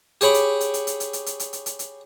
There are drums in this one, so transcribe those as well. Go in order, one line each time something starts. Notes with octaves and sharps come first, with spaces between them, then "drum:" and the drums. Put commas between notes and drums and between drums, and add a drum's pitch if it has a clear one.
G4 G#4 C#5 B5 D6, drum: hi-hat
drum: hi-hat
drum: hi-hat
drum: hi-hat
drum: hi-hat
drum: hi-hat
drum: hi-hat
drum: hi-hat
drum: hi-hat
drum: hi-hat
drum: hi-hat
drum: hi-hat